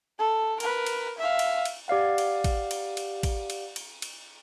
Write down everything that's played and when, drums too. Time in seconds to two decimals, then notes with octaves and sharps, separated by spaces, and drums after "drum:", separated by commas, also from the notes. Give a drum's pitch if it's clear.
0.19 A4
0.60 A#4 B4, drum: cymbal
0.86 drum: cymbal
1.18 E5 F5
1.39 drum: cymbal
1.65 drum: cymbal
1.88 G4 D5 F5 F#5
2.18 drum: cymbal
2.44 drum: kick A1, cymbal
2.71 drum: cymbal
2.97 drum: cymbal
3.23 drum: kick A1, cymbal
3.50 drum: cymbal
3.76 drum: cymbal
4.02 drum: cymbal